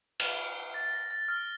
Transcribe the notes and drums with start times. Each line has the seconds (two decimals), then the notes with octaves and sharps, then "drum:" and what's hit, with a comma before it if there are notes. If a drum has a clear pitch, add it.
0.20 F6, drum: cymbal
0.38 F6
0.74 A6
0.93 A#6
1.11 A6
1.28 F6